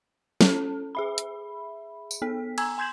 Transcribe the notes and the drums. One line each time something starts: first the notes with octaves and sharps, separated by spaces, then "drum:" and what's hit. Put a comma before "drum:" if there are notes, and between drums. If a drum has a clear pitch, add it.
C#4 A4, drum: snare
G#4 E5 B5
drum: hi-hat
drum: tambourine
B3 A4 B6
G#5 A#5 E6 G#6, drum: cymbal
G#5 C6 G6 G#6 E7 F#7